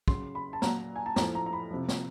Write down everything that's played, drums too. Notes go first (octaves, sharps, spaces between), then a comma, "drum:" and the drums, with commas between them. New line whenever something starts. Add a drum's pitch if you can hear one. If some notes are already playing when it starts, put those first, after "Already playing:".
C#3 F#3 C6, drum: kick
B5
A5
A#2 F#3 A#5, drum: snare
G#5
A5
A2 F3 A#5, drum: snare
A#5
A#5
B5
C3 F3
drum: snare